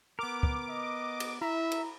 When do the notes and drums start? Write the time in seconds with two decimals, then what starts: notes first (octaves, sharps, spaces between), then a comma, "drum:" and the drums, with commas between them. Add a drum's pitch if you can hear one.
0.19 B3 A#4 D6
0.43 drum: kick
0.69 D#5
1.20 drum: cymbal
1.41 E4 E5 A#5 B5
1.72 drum: cymbal